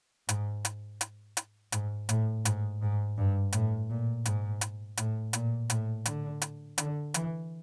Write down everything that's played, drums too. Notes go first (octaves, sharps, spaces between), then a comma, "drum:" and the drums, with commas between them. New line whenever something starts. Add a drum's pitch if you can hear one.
G#2, drum: hi-hat
drum: hi-hat
drum: hi-hat
drum: hi-hat
G#2, drum: hi-hat
A2, drum: hi-hat
G#2, drum: hi-hat
G#2
G2
A2, drum: hi-hat
A#2
G#2, drum: hi-hat
drum: hi-hat
A2, drum: hi-hat
A#2, drum: hi-hat
A2, drum: hi-hat
D3, drum: hi-hat
drum: hi-hat
D3, drum: hi-hat
E3, drum: hi-hat